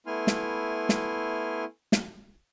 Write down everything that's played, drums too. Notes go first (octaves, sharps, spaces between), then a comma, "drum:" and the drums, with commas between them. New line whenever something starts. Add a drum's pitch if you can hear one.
A3 B3 E4 G#5 C6 F6
drum: snare
drum: snare
drum: snare